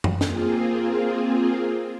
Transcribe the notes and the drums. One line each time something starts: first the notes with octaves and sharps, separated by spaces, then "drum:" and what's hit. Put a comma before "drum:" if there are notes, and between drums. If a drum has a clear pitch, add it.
drum: tom F#2
A#3 C4 F4 G#4, drum: snare